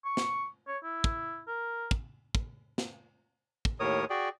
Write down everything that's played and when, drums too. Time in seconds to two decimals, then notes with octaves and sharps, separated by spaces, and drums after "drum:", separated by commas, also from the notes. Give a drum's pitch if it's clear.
0.05 C#6
0.17 drum: snare
0.67 C#5
0.84 E4
1.04 drum: kick
1.48 A#4
1.91 drum: kick
2.35 drum: kick
2.78 drum: snare
3.65 drum: kick
3.80 D#2 A2 A#4 C#5 D#6
4.10 F#4 G#4 D5 G5